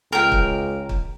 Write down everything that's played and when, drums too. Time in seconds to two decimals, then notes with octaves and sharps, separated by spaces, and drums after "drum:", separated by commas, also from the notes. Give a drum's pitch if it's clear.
0.12 C#2 A#4 G5
0.32 drum: kick
0.89 drum: kick